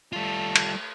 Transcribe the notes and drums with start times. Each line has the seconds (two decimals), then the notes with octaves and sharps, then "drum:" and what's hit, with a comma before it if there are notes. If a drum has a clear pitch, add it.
0.13 G3 A3 F4
0.56 drum: cymbal